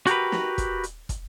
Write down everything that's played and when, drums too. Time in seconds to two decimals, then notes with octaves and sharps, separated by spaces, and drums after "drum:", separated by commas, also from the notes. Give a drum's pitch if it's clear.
0.07 F#4 G4 A#4 B4, drum: hi-hat
0.32 drum: snare
0.58 drum: kick, hi-hat
0.83 drum: hi-hat
1.09 drum: kick, hi-hat